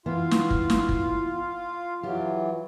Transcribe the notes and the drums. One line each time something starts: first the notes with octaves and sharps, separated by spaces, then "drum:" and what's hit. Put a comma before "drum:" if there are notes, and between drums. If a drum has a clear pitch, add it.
E3 B3 F4 F5
drum: snare
drum: kick
drum: snare
drum: kick
E3 F#3 F4 G4